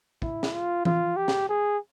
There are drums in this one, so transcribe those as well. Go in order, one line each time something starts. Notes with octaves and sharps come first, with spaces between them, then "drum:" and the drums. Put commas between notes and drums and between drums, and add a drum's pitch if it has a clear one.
E4, drum: kick
drum: snare
F4
F4, drum: tom E3
G4
drum: snare
G#4